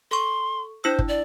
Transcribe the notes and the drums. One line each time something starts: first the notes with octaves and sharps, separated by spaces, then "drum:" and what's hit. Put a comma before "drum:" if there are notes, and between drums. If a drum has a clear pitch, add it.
A4 C6 C#6
D4 E4 C5 E6
drum: kick
D5